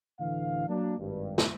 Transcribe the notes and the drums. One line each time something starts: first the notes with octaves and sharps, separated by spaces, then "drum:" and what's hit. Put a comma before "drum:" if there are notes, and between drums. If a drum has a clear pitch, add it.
D2 A2 D3 E3 F5
F#3 A#3 D4
G#1 G2
drum: snare